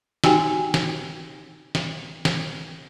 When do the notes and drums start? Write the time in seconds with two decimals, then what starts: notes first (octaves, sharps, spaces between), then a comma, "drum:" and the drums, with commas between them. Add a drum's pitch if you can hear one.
0.24 D#4 F#4 G4 G5 G#5, drum: snare
0.74 drum: snare
1.75 drum: snare
2.25 drum: snare